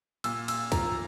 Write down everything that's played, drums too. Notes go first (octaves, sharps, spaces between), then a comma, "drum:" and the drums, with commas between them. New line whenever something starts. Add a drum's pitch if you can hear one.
A#2 E6, drum: cymbal
E6, drum: cymbal
F3 A#5, drum: kick, cymbal